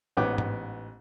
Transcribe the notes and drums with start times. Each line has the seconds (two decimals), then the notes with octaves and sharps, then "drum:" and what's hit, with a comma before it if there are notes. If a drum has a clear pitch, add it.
0.17 A1 G#2 B3 C#5 G5 D6
0.38 drum: tom G#2